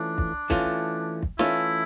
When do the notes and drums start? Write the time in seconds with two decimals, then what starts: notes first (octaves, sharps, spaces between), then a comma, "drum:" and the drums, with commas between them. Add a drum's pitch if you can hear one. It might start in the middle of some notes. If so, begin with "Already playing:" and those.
Already playing: E3 A3 C#4 D4 F4
0.18 drum: kick
0.50 E3 A3 C#4 F4, drum: kick
1.22 drum: kick
1.39 E3 A3 C#4 E4 F4, drum: snare